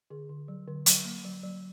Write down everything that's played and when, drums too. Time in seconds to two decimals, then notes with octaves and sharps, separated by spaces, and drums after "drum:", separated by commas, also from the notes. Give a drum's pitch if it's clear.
0.10 D3 G#4
0.29 D3
0.48 F#3
0.68 D3
0.86 F#3, drum: hi-hat
1.05 A#3
1.25 F#3
1.43 F#3